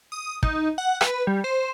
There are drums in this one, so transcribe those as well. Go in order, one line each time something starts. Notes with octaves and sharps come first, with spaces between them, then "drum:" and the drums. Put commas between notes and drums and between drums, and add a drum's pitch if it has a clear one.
D#6
D#4, drum: kick
F#5
B4, drum: rim click
G3
C5